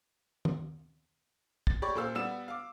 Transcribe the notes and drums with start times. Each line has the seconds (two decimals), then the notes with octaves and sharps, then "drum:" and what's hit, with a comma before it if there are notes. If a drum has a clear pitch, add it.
0.45 drum: tom
1.67 A6, drum: kick
1.82 G4 C#5 D5 B5 C#6
1.95 A#2 A4 C5 F5 E6
2.15 G3 B3 E6 E7
2.48 F5 D6